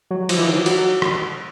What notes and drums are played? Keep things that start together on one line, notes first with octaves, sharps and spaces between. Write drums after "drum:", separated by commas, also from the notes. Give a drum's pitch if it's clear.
F#3
F3, drum: cymbal
E3
D#3
F#3
F3
F#3, drum: cymbal
drum: rim click